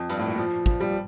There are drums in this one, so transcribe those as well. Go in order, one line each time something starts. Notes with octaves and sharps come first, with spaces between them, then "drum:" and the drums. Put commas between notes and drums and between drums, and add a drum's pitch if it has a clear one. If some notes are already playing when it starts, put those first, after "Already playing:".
Already playing: F2
G2, drum: hi-hat
A2
A#2
F3
F3, drum: kick
G3